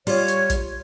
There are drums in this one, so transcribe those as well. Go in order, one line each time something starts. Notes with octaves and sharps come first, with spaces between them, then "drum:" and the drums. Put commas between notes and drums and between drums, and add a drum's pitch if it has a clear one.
G3 F4 C#5 F5, drum: open hi-hat
drum: hi-hat
drum: kick, hi-hat